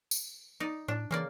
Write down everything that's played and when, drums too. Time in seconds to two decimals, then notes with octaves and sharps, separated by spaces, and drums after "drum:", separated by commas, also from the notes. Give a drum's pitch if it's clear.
0.11 drum: tambourine
0.60 D#4 D5
0.88 A2 D4
1.11 C#3 E3 A#3 D5